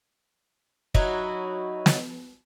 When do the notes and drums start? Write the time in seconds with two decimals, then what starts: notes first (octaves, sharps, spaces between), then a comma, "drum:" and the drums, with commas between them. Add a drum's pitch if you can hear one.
0.95 F#3 D#4 E4 F#4, drum: kick
1.86 drum: snare